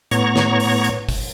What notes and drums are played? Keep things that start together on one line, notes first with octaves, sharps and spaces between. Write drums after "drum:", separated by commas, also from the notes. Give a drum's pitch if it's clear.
A2 B3 C#5 A#5 C#6, drum: hi-hat
drum: snare
drum: open hi-hat
drum: hi-hat
drum: kick, open hi-hat